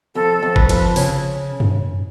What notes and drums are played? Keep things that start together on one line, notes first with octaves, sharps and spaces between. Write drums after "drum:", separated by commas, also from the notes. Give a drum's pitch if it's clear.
F2 A4
F2
B4, drum: kick G1
F3, drum: cymbal
C#3 C#5, drum: open hi-hat
drum: tom F#2